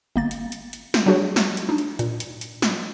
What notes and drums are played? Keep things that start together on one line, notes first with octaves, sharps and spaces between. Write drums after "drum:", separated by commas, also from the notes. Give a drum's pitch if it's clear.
G1 A#3 A6
drum: hi-hat
drum: hi-hat
drum: hi-hat
drum: snare
F#3 G3 D4 F#4 G#4 C#5
drum: snare
drum: hi-hat
D4 D#4
drum: hi-hat
A#2, drum: hi-hat
drum: hi-hat
drum: hi-hat
drum: snare